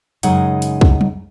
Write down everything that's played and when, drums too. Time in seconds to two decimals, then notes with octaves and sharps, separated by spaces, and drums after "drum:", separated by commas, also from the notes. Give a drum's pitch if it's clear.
0.23 F#2 C#3 G#3 D#4 C#5 F#5, drum: hi-hat
0.62 drum: hi-hat
0.81 drum: kick
1.01 drum: tom F#3